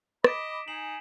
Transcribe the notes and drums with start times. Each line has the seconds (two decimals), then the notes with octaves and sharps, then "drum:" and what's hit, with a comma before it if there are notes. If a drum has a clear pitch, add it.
0.24 D#5 B5 D6 B6 D7 E7, drum: rim click
0.68 D#4 G#5 C7 E7 F#7